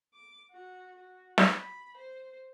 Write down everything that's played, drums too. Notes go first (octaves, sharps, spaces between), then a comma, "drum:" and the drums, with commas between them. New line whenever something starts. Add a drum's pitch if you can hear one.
D6
F#4
F#4
drum: snare
B5
C5